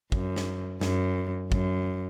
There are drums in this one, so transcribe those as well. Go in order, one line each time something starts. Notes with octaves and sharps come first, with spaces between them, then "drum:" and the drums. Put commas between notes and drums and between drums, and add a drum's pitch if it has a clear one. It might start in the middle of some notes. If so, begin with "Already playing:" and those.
F#2, drum: kick
drum: snare
F#2, drum: snare
F#2, drum: kick